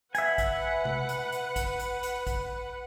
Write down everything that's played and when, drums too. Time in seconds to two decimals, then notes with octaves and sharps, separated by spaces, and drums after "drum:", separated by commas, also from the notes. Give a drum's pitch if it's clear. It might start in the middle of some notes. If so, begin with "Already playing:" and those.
0.15 B4 E5 F#5 G#5, drum: hi-hat
0.38 drum: kick, hi-hat
0.85 drum: tom C3
1.09 drum: hi-hat
1.32 drum: hi-hat
1.56 drum: kick, hi-hat
1.80 drum: hi-hat
2.03 drum: hi-hat
2.27 drum: kick, hi-hat